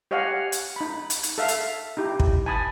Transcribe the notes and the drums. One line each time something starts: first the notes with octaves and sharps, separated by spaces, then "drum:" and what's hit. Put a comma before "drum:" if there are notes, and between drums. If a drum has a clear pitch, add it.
G4 C#5 D#5 F5 F#5 G#5
drum: hi-hat
D#4 B5
drum: hi-hat
drum: hi-hat
A4 E5 F5
drum: hi-hat
D#4 E4 G4
drum: kick
G#5 A5 B5 D#6